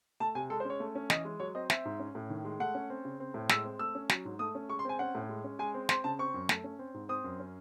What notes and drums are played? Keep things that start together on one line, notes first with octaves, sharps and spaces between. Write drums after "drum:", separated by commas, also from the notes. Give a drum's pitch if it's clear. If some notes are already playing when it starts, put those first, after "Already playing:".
A3 A5
C3 G#5
G#3 A4
C5
C#4 C#5
A3
C#4
E3 D#5, drum: snare
G#3
F#3 C#5
C4 D#5
C4 E5, drum: snare
G#2
C#4
A2
D#3
G#3
A3 F#5
C#4
C4
C#3
C4
A2
G#3 E6, drum: snare
C4
A3 E6
C#4
F#3, drum: snare
G#2
A3 D#6
C#4
G#3 C#6
C6
C4 G#5
C#4 F#5
A2
G#3
C#4
G#3 G#5
C4
C4 C6, drum: snare
C#3 A5
C4 C#6
F#2
A3, drum: snare
C#4
C4
G#2
C4 D#6
F#2
C#4